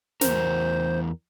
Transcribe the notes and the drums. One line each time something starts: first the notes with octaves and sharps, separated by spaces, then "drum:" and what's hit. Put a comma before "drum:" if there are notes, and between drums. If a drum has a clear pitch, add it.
E2 A#4 C5, drum: snare